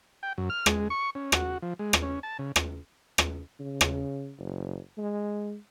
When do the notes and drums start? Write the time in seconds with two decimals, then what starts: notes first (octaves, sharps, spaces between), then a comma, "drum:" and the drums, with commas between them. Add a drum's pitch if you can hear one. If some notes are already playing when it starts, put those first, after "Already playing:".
0.23 G5
0.38 F#2
0.50 F6
0.66 G#3, drum: rim click
0.90 C#6
1.15 C#4
1.32 F#4, drum: rim click
1.62 F3
1.79 G#3
1.93 drum: rim click
2.02 C#4
2.23 A5
2.39 C#3
2.56 drum: rim click
3.18 drum: rim click
3.60 C#3
3.81 drum: rim click
4.39 F#1
4.98 G#3